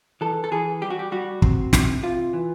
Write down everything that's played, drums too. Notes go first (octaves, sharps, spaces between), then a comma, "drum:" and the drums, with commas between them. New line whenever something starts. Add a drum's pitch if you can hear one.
E3 A4
A4
E3 G#4
G3 G4
F#4
G4
G3 F#4
C4, drum: kick
C3, drum: snare
C3 F4
E3